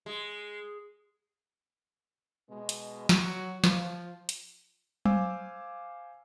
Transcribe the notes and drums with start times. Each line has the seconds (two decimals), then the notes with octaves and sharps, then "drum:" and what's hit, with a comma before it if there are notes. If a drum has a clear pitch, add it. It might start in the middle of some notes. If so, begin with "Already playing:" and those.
0.06 G#3
2.50 B2 G#3
2.69 drum: hi-hat
3.09 F#3 F#4, drum: snare
3.64 F3, drum: snare
4.29 drum: hi-hat
5.05 C5 F5 G#5 D6 E6, drum: tom F#3